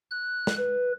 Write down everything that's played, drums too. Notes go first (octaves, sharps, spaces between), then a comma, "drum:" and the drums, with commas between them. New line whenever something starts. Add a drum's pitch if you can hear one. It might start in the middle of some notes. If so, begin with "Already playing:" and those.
F#6
drum: snare
B4